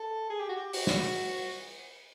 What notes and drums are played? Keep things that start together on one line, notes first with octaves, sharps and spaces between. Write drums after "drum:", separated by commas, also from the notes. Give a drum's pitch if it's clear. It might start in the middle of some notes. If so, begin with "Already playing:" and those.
Already playing: A4
G#4
G4
F#4
G4
F#4, drum: open hi-hat
drum: snare